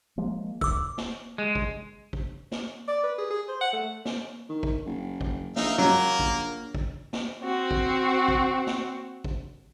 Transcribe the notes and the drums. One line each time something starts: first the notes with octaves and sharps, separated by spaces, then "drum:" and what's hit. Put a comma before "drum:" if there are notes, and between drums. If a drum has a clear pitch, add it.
F3 G#3 A#3
D1 D6 E6, drum: kick
drum: snare
G#3
drum: kick
drum: kick
drum: snare
D5
B4
G#4
G#4
C5
F#5
A3
drum: snare
D#3
drum: kick
F#1
drum: kick
A#1 D#4 E5 F5, drum: snare
C#2 F#3 A#3 A#4
A#1, drum: kick
drum: kick
drum: snare
C4 F#4
drum: kick
drum: kick
drum: snare
drum: kick